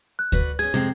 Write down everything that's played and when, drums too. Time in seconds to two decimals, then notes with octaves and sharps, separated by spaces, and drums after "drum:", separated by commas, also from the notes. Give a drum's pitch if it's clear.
0.19 F#6
0.32 F#4 B4 D5, drum: kick D2
0.59 C#4 G#4 G#6
0.74 F2 C3 G#3 C4